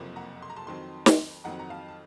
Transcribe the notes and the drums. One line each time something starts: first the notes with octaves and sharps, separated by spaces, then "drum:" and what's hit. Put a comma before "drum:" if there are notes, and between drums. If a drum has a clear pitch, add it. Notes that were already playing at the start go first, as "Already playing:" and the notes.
Already playing: F#1 F2 C3 F3 A#3
F#5 A#5
C6
A#5
A5 C6
F2 D#3 F#3 C4 A5 C6
drum: snare
F2 D#3 F#3 C4 F#5 A#5
A#5
F5 A5
A5